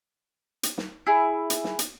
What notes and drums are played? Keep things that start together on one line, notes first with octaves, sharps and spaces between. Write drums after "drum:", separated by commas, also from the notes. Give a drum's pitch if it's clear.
drum: hi-hat
drum: snare
E4 G#4
drum: hi-hat
drum: snare
drum: hi-hat